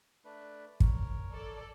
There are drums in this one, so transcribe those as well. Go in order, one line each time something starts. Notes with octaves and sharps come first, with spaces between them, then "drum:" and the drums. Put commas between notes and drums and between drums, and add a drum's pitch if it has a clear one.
A3 D4 B4
A#4 C#5, drum: kick
A4 D5